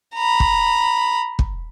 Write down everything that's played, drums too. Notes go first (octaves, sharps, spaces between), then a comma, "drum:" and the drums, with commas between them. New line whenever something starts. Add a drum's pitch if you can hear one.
A#5 B5
drum: kick
drum: kick